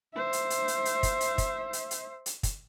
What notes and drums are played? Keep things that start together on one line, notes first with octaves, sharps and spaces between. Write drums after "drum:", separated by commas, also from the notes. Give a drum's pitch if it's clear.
C5 E5
drum: hi-hat
drum: hi-hat
drum: hi-hat
drum: hi-hat
drum: kick, hi-hat
drum: hi-hat
drum: kick, hi-hat
drum: hi-hat
drum: hi-hat
drum: hi-hat
drum: kick, hi-hat